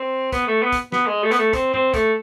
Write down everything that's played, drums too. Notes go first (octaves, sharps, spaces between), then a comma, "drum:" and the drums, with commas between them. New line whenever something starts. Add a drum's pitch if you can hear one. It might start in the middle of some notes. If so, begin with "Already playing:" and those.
Already playing: C4
B3, drum: kick, hi-hat
A3
B3
drum: kick, hi-hat
B3, drum: snare
G#3
A3
B3, drum: hi-hat
A3
C4, drum: kick, hi-hat
C4, drum: tom G2
A3, drum: kick, hi-hat